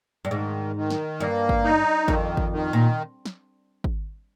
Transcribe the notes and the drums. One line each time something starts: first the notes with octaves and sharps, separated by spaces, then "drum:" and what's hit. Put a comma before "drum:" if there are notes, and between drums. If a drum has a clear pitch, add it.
G2
G#2 D#3
D#3
drum: snare
G2 A#3
drum: kick G#1
D#4
F2 D#3, drum: kick G#1
drum: kick G#1
D#3
A#2
drum: snare
drum: kick G#1